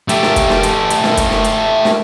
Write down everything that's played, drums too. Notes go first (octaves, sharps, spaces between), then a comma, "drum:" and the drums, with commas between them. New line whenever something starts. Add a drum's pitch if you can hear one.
A3 G4, drum: hi-hat
drum: snare
drum: kick, hi-hat
drum: snare
drum: hi-hat
drum: hi-hat
drum: snare
drum: kick, hi-hat
drum: snare
drum: hi-hat
drum: snare